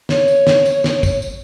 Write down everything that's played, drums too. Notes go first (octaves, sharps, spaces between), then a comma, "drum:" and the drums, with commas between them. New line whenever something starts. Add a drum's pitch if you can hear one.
C#5, drum: snare
drum: tambourine
drum: snare
drum: tambourine
drum: snare
drum: kick, tambourine
drum: tambourine